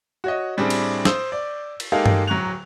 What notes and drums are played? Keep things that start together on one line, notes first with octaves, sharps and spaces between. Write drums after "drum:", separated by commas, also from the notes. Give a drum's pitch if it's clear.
F#4 C#5 D#5
A2 G3 C4 D4 G#4
drum: cymbal
C5 D#6 E6 G6, drum: snare
D5
drum: cymbal
G#3 A#3 D#4 G4 A4 F5
drum: tom G2
D1 F#3 A#5 C#6 F#6 F7